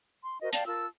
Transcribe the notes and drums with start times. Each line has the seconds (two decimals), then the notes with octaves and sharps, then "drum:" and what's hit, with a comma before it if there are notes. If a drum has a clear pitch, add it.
0.23 C6
0.41 F#4 A#4 C5 D#5
0.53 D5 F5 G5 A5, drum: hi-hat
0.66 F4 A#4 A5 E6